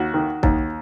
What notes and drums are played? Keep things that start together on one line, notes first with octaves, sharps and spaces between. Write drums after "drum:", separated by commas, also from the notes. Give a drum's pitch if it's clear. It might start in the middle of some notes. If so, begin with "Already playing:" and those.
Already playing: D#2 F#4
D#3
D#2, drum: kick